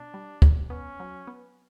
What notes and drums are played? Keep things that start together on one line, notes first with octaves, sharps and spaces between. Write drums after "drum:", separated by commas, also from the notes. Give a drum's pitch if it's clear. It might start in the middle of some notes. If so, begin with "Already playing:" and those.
Already playing: B2 D4
G3
G3, drum: kick
B3 C#4
F#3
B3